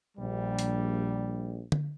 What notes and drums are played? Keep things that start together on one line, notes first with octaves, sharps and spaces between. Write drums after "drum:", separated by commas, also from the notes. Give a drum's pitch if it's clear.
A#1 G3
drum: hi-hat
drum: tom D3